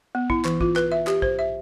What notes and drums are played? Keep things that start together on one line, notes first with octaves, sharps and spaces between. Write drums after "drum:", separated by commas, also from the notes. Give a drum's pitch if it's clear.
B3
E4, drum: kick
E3, drum: clap
F4, drum: kick
B4, drum: clap
E5
G4, drum: clap
C5, drum: kick
E5